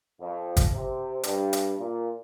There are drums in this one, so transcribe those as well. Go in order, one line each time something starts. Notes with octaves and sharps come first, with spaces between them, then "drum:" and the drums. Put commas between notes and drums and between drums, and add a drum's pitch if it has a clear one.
F2
drum: kick, hi-hat
C3
G2, drum: hi-hat
drum: hi-hat
A#2